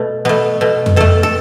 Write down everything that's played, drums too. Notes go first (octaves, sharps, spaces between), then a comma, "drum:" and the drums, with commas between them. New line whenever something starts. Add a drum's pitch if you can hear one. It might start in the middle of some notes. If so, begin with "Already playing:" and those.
Already playing: B2 A3
B2 A3 B3
B2 A3
drum: tom F2
B2 A3 A4
A4